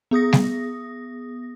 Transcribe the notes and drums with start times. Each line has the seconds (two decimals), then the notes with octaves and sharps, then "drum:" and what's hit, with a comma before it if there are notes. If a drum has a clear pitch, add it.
0.11 B3 G#4 D#6 A#6
0.33 drum: snare G3